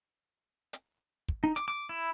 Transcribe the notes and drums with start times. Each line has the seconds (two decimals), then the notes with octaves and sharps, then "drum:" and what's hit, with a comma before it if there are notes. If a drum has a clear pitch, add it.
0.73 drum: hi-hat
1.28 drum: kick
1.44 D#4
1.56 D6, drum: hi-hat
1.68 D6
1.89 E4